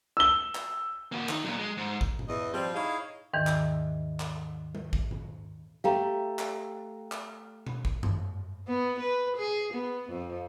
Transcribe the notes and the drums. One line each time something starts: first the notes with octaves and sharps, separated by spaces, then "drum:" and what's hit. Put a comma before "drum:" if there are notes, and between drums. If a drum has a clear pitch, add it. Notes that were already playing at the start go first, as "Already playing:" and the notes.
E6 G7
drum: clap
A#3 F#4
D#3 D#4, drum: clap
A#2 F#3
G#3
G#2
drum: kick G#1
drum: tom A#2
E2 D#5
F3 G3 C4
D#4 E4 G#4 C#5 D#5 F5
D#2 G#2 D#3 E3
drum: clap
drum: clap
drum: tom G3
drum: kick G#1
drum: tom A#2
A3 G4 F5 G5 A#5
drum: clap
drum: clap
drum: tom B2
drum: kick G#1
drum: tom F#2
B3
B4
G#4
B3
F2